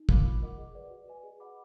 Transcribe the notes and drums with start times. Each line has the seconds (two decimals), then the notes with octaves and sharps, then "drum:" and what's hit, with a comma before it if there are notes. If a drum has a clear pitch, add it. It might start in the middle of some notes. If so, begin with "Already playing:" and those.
Already playing: D#4
0.09 A#4 F5 B5 D6, drum: kick
0.25 F4
0.42 A#4 D#5 F#5 D6
0.58 G#4
0.75 B4 D5 F#5
0.90 F#4
1.08 B4 D#5 G#5
1.23 G#4
1.40 D#5 F#5 B5 D6